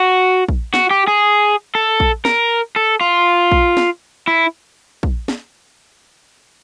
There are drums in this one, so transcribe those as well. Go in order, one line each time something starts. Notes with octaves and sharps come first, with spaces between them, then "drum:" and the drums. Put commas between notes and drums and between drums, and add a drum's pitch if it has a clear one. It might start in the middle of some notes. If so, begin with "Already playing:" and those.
Already playing: F#4
drum: kick
F#4, drum: snare
G4
G#4
A4
drum: kick
A#4, drum: snare
A4
F4
drum: kick
drum: snare
E4
drum: kick
drum: snare